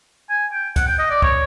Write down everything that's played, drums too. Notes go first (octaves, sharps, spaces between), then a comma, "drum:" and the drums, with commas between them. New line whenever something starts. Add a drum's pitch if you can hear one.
G#5
G5
F#5, drum: kick C#2, hi-hat
G5
D#5
D5
C#5, drum: kick C#2